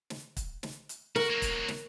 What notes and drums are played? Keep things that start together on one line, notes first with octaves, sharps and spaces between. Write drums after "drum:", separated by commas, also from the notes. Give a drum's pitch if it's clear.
drum: snare
drum: kick, hi-hat
drum: snare
drum: hi-hat
F#4 A#4, drum: snare
F#3 A#3
drum: kick, hi-hat
drum: snare